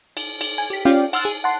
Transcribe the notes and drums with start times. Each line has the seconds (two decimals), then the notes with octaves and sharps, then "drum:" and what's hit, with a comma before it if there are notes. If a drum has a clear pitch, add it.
0.17 drum: cymbal
0.41 drum: cymbal
0.58 G#5
0.70 G4 B6
0.85 C#4 F4 G4 D5 F5 G5
1.13 F#5 C6 E6 F6 A6, drum: cymbal
1.25 G#4
1.44 F#5 A5 C6 C7